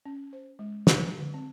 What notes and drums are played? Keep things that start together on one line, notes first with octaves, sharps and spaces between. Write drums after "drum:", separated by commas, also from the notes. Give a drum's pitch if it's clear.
C#4
C5
G#3
F5, drum: snare
D3
C4